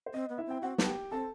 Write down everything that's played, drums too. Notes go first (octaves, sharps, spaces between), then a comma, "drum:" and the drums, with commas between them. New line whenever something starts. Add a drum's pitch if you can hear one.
C5
C4 D#5
B3
E4 E5
C4 G5
C4 F#4 F#5
B3 A5, drum: snare
G4 G5
C4 A4 A5